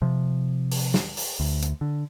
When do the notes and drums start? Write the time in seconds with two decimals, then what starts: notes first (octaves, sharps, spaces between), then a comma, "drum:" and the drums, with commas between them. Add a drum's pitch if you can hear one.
0.02 C3 F3
0.71 drum: open hi-hat
0.94 drum: snare
1.17 drum: open hi-hat
1.40 D2
1.62 drum: hi-hat
1.81 D3